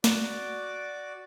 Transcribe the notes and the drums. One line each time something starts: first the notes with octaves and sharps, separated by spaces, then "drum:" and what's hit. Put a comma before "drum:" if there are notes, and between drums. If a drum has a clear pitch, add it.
F#4 D5 D6, drum: snare